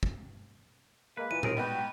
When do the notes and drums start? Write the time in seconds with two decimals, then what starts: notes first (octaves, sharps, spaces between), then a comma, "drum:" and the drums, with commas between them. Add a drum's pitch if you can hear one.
0.03 drum: kick
1.17 G#3 A#3 B4
1.31 A#2 E3 D#7
1.43 D#2 C4 G#4 A#4, drum: tom A#2
1.57 G#2 G3 B3 F#4 B4 G5